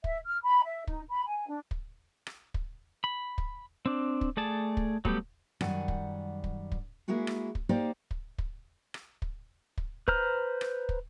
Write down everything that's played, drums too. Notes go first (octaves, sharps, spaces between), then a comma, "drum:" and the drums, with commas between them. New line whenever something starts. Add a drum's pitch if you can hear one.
E5, drum: kick
F6
B5
E5
D#4, drum: kick
B5
G#5
D4
drum: kick
drum: rim click
drum: kick
B5
drum: kick
C4 D4
drum: kick
A3 G#4 D5 A5
drum: kick
F#3 G3 A3 B3 G4, drum: kick
F#2 D#3 G3 D5 F#5 G#5, drum: rim click
drum: kick
drum: kick
drum: kick
G#3 A#3 E4 F#4 G#4
drum: rim click
drum: kick
A#3 D#4 G4 C5 D5
drum: kick
drum: kick
drum: rim click
drum: kick
drum: kick
B4 C5 A#5 F6, drum: kick
drum: rim click
drum: kick